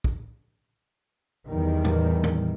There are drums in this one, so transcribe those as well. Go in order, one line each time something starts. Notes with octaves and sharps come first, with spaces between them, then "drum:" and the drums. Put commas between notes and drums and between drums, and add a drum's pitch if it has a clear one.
drum: kick
E2 D#3 G3
drum: tom
drum: tom